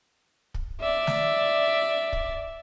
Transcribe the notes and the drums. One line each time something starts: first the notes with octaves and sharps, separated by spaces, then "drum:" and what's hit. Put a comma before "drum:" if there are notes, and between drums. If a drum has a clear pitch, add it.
drum: kick
D5 E5
drum: snare
drum: kick